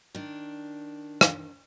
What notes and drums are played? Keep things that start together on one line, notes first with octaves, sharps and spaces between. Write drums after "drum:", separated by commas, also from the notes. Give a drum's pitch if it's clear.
D#3 D4
drum: rim click